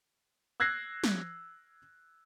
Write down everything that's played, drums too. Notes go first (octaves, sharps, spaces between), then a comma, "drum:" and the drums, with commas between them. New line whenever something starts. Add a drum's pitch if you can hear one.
E6 F#6 G#6 A#6 C7
drum: snare